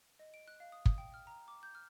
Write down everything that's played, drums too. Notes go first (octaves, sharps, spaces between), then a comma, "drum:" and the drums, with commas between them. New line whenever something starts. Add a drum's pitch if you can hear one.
D#5
D7
F#6
F5
D#6
D#6, drum: kick
G5
F6
A#5
D6
G6
F6